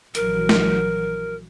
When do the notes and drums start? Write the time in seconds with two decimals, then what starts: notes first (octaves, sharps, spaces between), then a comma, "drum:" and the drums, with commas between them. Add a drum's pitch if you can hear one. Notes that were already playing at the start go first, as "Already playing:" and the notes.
0.15 A#1 E3 F#3 A#4, drum: hi-hat
0.49 drum: snare